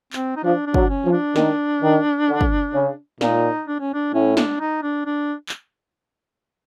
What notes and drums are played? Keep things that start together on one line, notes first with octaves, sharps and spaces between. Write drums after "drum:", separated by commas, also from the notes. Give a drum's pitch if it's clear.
C4, drum: clap
D#4
F3 D4
D4
F#3, drum: kick
C#4
F3
D4
D#3, drum: snare
D#3
D3
drum: kick
C#3
A#2 D#4, drum: snare
D4
C#4
D4
A2 C#4
D4, drum: snare
D#4
D4
D4
drum: clap